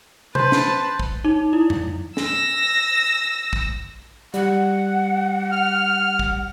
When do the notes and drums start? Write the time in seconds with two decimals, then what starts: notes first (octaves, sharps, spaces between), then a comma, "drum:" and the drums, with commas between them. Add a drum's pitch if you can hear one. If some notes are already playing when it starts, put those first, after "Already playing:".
0.35 B4 C5 A5, drum: tom C3
0.52 drum: snare
1.00 drum: kick
1.24 D#4
1.53 E4
1.70 drum: tom F2
2.17 E6 A#6, drum: snare
3.53 drum: kick
4.34 G3 F#5, drum: hi-hat
5.51 F6
6.19 drum: kick